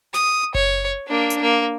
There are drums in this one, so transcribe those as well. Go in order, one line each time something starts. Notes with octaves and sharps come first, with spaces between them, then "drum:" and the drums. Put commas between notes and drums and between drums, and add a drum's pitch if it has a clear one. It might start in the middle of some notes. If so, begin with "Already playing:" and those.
D#6, drum: snare
C#5, drum: kick F#1
A#3 D4
drum: hi-hat
A#3